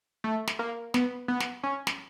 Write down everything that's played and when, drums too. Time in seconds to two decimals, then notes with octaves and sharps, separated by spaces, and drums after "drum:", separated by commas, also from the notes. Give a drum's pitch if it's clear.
0.24 A3
0.47 drum: snare
0.59 A#3
0.94 B3, drum: snare
1.28 B3
1.40 drum: snare
1.63 C#4
1.87 drum: snare